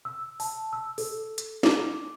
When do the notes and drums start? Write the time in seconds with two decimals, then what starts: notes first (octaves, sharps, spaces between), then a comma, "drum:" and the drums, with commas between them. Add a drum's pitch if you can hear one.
0.05 E6
0.40 A5, drum: open hi-hat
0.73 E6
0.98 A4, drum: open hi-hat
1.38 drum: hi-hat
1.63 D6, drum: snare